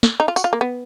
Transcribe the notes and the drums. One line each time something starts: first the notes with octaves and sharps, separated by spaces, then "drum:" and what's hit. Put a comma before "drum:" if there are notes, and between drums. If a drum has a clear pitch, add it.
drum: snare
D#4
F4
F#4, drum: tambourine
F4
A#3
B3